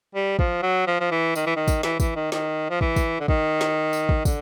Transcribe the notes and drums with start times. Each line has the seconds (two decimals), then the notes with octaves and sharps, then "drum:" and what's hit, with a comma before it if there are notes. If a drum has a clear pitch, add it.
0.15 G3
0.39 F3, drum: kick
0.63 F#3
0.87 F3
1.00 F3
1.11 E3
1.35 D#3, drum: tambourine
1.46 E3
1.56 D#3
1.68 drum: kick, tambourine
1.83 E3, drum: snare
2.00 E3, drum: kick, tambourine
2.16 D#3
2.32 D#3, drum: snare
2.70 F3
2.81 E3, drum: kick
2.96 drum: kick, tambourine
3.20 D3
3.28 D#3, drum: kick
3.61 drum: snare
3.93 drum: tambourine
4.09 drum: kick
4.25 D3, drum: kick, tambourine